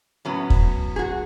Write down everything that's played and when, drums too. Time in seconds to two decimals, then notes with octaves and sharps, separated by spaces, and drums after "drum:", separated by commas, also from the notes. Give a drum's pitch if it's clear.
0.25 A2 F#3 B3 C#4
0.50 drum: kick
0.96 G#4
0.99 F#4